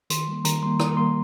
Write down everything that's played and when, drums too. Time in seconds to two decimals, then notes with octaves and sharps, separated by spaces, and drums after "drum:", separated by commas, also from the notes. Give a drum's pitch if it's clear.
0.10 D#3 C6, drum: hi-hat
0.28 G3 A#3
0.45 D#3 A#5, drum: hi-hat
0.63 G3 A#3 C6
0.80 D#3 A#5, drum: rim click
0.97 G3 A#3 C6